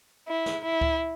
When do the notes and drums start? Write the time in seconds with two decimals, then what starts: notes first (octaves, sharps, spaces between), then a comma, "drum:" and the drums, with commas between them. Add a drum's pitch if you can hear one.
0.28 E4
0.46 drum: snare
0.64 E4
0.81 drum: kick C#2